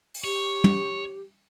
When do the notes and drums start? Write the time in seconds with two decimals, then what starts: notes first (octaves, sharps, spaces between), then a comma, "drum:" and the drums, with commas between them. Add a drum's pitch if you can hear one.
0.14 drum: open hi-hat
0.24 G4 C#5 C#6
0.64 drum: tom